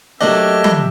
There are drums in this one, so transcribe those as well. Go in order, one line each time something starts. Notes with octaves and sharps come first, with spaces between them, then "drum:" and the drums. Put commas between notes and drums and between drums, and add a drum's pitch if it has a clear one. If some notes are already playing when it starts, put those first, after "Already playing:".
F#3 A3 A#3 D4 G4 D#5 E5
drum: tom F3